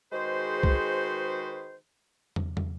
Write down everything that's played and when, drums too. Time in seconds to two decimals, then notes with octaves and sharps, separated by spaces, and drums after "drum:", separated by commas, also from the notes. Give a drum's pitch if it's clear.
0.12 D#3 G#3 F#4 G#4 B4 C5
0.63 drum: kick
2.36 drum: tom
2.57 drum: tom